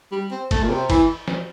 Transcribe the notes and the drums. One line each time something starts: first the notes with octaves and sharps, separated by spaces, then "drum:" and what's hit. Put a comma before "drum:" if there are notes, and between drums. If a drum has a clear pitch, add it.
G3
C4
A3, drum: kick G1, cymbal
A#2
C3
E3, drum: kick G1, cymbal
drum: snare